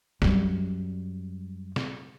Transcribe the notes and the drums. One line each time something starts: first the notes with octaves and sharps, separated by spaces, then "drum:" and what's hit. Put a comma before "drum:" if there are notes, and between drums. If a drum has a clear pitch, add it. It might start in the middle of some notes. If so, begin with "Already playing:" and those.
F#2 G3, drum: snare
drum: snare